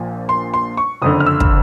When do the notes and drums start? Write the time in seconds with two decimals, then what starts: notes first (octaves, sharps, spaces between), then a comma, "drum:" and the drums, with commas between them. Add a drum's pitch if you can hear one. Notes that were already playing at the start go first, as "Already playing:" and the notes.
Already playing: A#1 A#2 F3
0.29 C6
0.54 C6
0.77 C#6
1.02 F#1 F2 D3 D#6
1.20 F6
1.26 E6
1.40 drum: kick